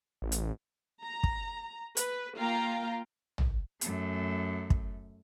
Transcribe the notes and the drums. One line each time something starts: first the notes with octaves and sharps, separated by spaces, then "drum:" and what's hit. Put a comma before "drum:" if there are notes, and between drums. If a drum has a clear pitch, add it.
A1
drum: hi-hat
A#5
drum: kick
B4, drum: hi-hat
A#3 F4 F5 G5 A#5
drum: tom A1
F#2 A3, drum: hi-hat
drum: kick